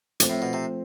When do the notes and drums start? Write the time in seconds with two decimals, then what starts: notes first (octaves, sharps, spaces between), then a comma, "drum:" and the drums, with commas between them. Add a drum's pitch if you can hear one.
0.20 F3 A3 C4, drum: hi-hat
0.30 A2
0.42 B2
0.53 C3